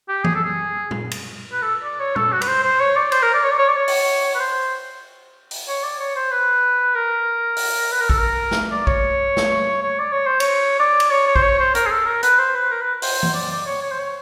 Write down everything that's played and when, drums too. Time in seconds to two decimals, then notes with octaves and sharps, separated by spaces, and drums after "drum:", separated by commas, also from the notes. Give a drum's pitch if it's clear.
0.09 G4
0.24 G#4, drum: tom E3
0.35 A4
0.44 G#4
0.91 drum: tom A#2
1.11 drum: cymbal
1.52 B4
1.62 A4
1.84 D5
2.00 C#5
2.16 A4, drum: tom A#2
2.33 F#4
2.41 B4, drum: cymbal
2.48 C5
2.64 C5
2.80 C#5
2.96 D5
3.12 C5, drum: cymbal
3.22 A#4
3.34 D5
3.44 C#5
3.51 D5
3.59 C#5
3.68 D5
3.76 C#5
3.88 drum: open hi-hat
4.35 B4
4.40 C5
5.51 drum: open hi-hat
5.68 C#5
5.83 D5
6.00 C#5
6.16 C5
6.32 B4
6.95 A#4
7.57 drum: open hi-hat
7.91 B4
8.01 A#4
8.10 A4, drum: kick
8.19 A#4
8.51 drum: snare
8.72 D5
8.87 C#5, drum: kick
9.37 drum: snare
9.82 C#5
9.99 D5
10.13 C#5
10.27 C5
10.40 C#5, drum: cymbal
10.80 D5
11.00 drum: cymbal
11.11 C#5
11.26 C#5
11.36 C5, drum: kick
11.43 C#5
11.59 C5
11.75 A#4, drum: hi-hat
11.86 G#4
11.91 A4
12.07 A#4
12.23 B4, drum: hi-hat
12.39 C5
12.55 B4
12.71 A#4
12.81 B4
13.02 C5, drum: open hi-hat
13.23 drum: tom E3
13.34 D5
13.51 D5
13.66 C#5
13.82 C#5
13.91 C5
13.99 C#5